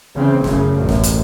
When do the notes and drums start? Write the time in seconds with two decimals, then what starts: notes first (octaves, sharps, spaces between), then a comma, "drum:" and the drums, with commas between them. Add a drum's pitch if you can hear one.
0.15 C#3 E3 C4
0.44 F#2 A2 C#3, drum: snare
0.77 A1 F#2 A2
0.89 drum: snare
1.03 drum: hi-hat